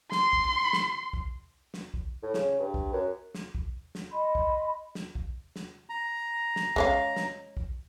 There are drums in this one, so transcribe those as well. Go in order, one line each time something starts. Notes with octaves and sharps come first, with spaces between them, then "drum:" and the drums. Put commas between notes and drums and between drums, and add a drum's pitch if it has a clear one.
C6, drum: snare
drum: kick
drum: snare
drum: kick
drum: snare
drum: kick
A2
C#3, drum: snare
G2
drum: kick
F#2
drum: snare
drum: kick
drum: snare
D#5 B5 C6
drum: kick
drum: snare
drum: kick
drum: snare
A#5
drum: snare
G#3 C#4 F5, drum: kick
drum: snare
drum: kick